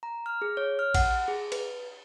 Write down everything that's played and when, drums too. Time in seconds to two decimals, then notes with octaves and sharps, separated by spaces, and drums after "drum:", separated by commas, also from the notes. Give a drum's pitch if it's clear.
0.03 A#5
0.26 F6
0.42 G#4
0.57 C#5
0.79 F6
0.94 F#5, drum: kick, cymbal
1.28 G#4
1.52 B4, drum: cymbal